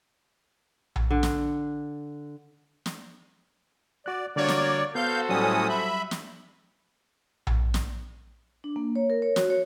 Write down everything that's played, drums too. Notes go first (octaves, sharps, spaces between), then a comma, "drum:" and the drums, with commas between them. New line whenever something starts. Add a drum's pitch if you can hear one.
drum: tom A#1
D3
drum: snare
drum: snare
F#4 D5 F#6
D3 G3 A#3 D4 F#4 C#5 D5
drum: snare
B3 F#4 A4 C5 F5 G6
A2 F#3 G3 C#4 D#6
E5 B5
drum: snare
drum: tom A#1
drum: snare
D4
A#3
C#5
A#4
C#5
F#4, drum: snare
C#5